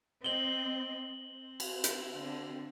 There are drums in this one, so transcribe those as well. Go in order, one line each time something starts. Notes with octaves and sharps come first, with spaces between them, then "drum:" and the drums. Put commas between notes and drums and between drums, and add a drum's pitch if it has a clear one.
C4 D#5 F#7 G7
C4
drum: cymbal
drum: hi-hat
D3 C4